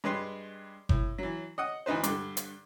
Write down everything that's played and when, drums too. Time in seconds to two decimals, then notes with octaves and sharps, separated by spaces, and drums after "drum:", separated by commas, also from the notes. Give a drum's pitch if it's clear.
0.04 G2 G#3 B4 C6
0.89 A2, drum: kick G1
1.18 E3 F#3
1.58 D#5 F#5 D#6
1.86 D2 E3 D#4 B4 C5
2.03 G2 D3, drum: hi-hat
2.37 drum: hi-hat